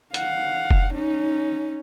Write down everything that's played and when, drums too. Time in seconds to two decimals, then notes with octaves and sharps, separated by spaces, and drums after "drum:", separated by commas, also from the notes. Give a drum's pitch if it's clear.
0.14 F5 F#5, drum: hi-hat
0.71 drum: kick F1
0.94 C#4 D#4